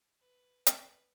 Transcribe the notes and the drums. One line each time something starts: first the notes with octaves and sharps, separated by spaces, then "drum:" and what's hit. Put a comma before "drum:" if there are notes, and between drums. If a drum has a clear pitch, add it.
B4
B4, drum: hi-hat